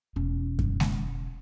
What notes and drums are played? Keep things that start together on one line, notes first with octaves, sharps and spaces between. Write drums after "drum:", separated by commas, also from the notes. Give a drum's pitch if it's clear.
E1 C#4
drum: kick F#2
drum: snare G#3